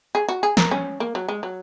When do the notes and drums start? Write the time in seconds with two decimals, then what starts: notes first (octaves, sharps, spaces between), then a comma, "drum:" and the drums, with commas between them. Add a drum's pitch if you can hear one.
0.15 G#4
0.28 F#4
0.43 G#4
0.57 A#4, drum: snare
0.71 C#4
1.00 A#3
1.15 F#3
1.28 G#3
1.43 F#3